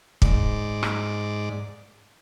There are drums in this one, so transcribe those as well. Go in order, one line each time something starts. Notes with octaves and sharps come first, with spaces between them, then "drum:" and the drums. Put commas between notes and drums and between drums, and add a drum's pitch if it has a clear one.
G#2 D5, drum: kick
drum: rim click